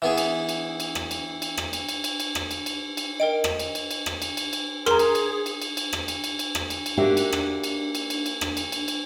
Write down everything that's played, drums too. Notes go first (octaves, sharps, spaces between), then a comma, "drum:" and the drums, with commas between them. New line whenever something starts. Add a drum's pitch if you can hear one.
E3 B3 G#4
drum: cymbal
drum: cymbal
drum: cymbal
drum: rim click
drum: cymbal
drum: cymbal
drum: rim click
drum: cymbal
drum: cymbal
drum: cymbal
drum: cymbal
drum: rim click
drum: cymbal
drum: cymbal
drum: cymbal
A#4 D#5 G5 D7
drum: rim click
drum: cymbal
drum: cymbal
drum: cymbal
drum: rim click
drum: cymbal
drum: cymbal
drum: cymbal
G#4 A#4 A#5 C6, drum: rim click
drum: cymbal
drum: cymbal
drum: cymbal
drum: cymbal
drum: cymbal
drum: rim click
drum: cymbal
drum: cymbal
drum: cymbal
drum: rim click
drum: cymbal
drum: cymbal
A#3 D4 D#4 F#4 G4 E5
drum: cymbal
drum: rim click
drum: cymbal
drum: cymbal
drum: cymbal
drum: cymbal
drum: rim click
drum: cymbal
drum: cymbal
drum: cymbal